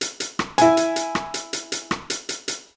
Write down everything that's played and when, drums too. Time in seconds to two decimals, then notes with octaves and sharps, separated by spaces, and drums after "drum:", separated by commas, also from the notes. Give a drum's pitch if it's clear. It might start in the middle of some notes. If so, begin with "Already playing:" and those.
0.01 drum: hi-hat
0.20 drum: hi-hat
0.39 drum: rim click
0.58 E4 G#5, drum: hi-hat
0.77 drum: hi-hat
0.96 drum: hi-hat
1.15 drum: rim click
1.34 drum: hi-hat
1.53 drum: hi-hat
1.72 drum: hi-hat
1.91 drum: rim click
2.10 drum: hi-hat
2.29 drum: hi-hat
2.48 drum: hi-hat